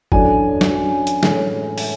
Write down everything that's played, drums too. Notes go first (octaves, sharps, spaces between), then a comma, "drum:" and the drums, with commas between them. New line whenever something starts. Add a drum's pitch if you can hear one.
F#2 E3 A3 D4 G#5, drum: kick
drum: snare
drum: hi-hat
A2 E3 G#3 C#4, drum: snare
E5, drum: open hi-hat